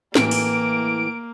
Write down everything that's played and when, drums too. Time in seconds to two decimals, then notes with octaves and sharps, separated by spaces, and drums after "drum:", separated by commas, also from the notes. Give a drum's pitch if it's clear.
0.15 A2 E3 A#3 D7, drum: snare
0.31 drum: open hi-hat